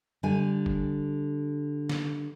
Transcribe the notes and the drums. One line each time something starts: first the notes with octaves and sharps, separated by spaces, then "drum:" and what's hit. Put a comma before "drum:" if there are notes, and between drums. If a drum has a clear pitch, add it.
D3 G3 G#5
drum: kick
drum: snare